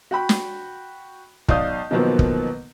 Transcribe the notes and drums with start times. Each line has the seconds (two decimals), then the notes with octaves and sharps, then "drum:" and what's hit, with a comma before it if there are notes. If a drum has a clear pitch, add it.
0.11 F#4 G5 B5
0.29 drum: snare
1.49 B1 D5 F5 D#6 G6, drum: kick
1.91 B2 D#3 F3 F#3 A#3 B3
2.19 drum: kick